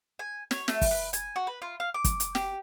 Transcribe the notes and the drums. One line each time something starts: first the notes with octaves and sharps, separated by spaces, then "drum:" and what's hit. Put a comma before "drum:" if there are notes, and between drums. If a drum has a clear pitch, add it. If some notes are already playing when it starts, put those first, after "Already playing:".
G#5
C#5, drum: snare
A3, drum: snare
drum: kick, open hi-hat
B4
G#5, drum: hi-hat
F#4
B4
F4
F5
D6
drum: kick, hi-hat
drum: hi-hat
G4, drum: snare